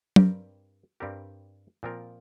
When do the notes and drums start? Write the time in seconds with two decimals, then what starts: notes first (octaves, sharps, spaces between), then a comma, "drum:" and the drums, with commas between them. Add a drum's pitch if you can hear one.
0.16 G2 G3 C4 G4 A#4, drum: tom F#3
1.00 G2 G3 C4 G4 A#4
1.83 A#2 F3 C4 F4 A#4